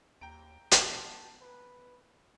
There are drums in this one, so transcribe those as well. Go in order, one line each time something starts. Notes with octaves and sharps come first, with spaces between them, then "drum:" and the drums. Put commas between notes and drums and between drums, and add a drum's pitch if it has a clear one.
D#2 G5 A#5 D7
B3 A5, drum: hi-hat
B4